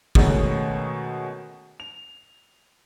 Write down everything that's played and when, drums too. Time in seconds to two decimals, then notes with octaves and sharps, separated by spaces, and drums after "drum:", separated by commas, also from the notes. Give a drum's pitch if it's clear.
0.15 B2 D#3 G#3 A3 B3 C#4, drum: kick
1.80 F7